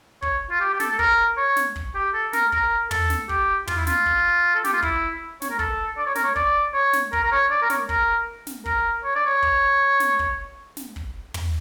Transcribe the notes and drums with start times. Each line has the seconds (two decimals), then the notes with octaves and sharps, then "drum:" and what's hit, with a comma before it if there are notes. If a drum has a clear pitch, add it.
0.22 C#5, drum: kick
0.51 F4
0.61 G4
0.73 G4
0.80 A4, drum: snare
0.91 A4
0.99 A#4, drum: kick
1.37 C#5
1.56 drum: snare
1.76 drum: kick
1.95 G4
2.14 A4
2.33 A#4, drum: snare
2.52 A#4, drum: kick
2.91 A4, drum: tom
3.10 drum: snare
3.29 G4, drum: kick
3.67 F4, drum: tom
3.77 E4
3.87 F4, drum: snare
4.06 drum: kick
4.55 A4
4.64 G4, drum: snare
4.73 F4
4.82 E4, drum: kick
5.42 C#5, drum: snare
5.50 A#4
5.59 A4, drum: kick
5.98 D5
6.07 C#5
6.15 A#4, drum: snare
6.24 C#5
6.36 D5, drum: kick
6.74 C#5
6.93 drum: snare
7.13 A#4, drum: kick
7.24 A#4
7.32 C#5
7.51 D5
7.62 A#4
7.70 C#5, drum: snare
7.89 A#4, drum: kick
8.47 drum: snare
8.65 A#4, drum: kick
9.04 C#5
9.15 D5
9.26 C#5
9.42 drum: kick
10.00 drum: snare
10.19 drum: kick
10.77 drum: snare
10.96 drum: kick
11.34 drum: tom